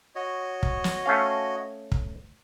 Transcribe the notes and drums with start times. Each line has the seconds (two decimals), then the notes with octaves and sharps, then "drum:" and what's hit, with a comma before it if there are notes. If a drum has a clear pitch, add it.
0.15 F#4 C#5 D#5
0.63 drum: kick
0.84 drum: snare
1.06 A3 C#4 F5
1.92 drum: kick